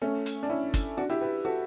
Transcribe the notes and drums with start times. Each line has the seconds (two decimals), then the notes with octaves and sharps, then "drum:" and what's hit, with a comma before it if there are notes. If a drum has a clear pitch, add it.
0.02 A3 C#4
0.26 drum: hi-hat
0.43 D4
0.50 C#4 E4
0.74 drum: kick, hi-hat
0.97 D4 F#4
1.10 E4 G4
1.21 G4 B4
1.45 F#4 A4